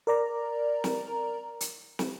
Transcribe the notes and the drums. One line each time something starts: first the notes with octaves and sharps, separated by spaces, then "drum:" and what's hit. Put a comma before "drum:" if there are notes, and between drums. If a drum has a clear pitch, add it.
A#4 D5 A#5
drum: snare
drum: hi-hat
drum: snare